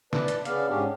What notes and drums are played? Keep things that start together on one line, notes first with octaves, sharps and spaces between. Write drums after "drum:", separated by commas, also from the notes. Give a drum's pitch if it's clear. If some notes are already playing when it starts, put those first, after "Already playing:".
B4 D5 A5, drum: snare
drum: hi-hat
C#3 B3 D5 F5, drum: hi-hat
G#2 C#4 D4 G4